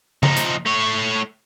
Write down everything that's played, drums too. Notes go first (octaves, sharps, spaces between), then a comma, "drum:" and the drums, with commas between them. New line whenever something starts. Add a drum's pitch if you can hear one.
F3 D#4, drum: tom C#3
drum: hi-hat
A3 C#5